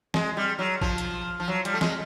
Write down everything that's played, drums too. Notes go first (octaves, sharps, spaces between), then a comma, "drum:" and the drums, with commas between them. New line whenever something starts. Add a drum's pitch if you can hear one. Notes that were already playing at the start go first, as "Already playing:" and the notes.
G#3, drum: snare
G3
F#3
F3, drum: kick A1
drum: hi-hat
F3
F#3
G3, drum: hi-hat
A3
G#3, drum: snare